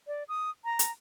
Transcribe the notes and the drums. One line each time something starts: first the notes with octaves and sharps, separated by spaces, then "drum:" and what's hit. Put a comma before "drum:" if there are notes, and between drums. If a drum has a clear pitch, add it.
D5
D#6
A#5
drum: hi-hat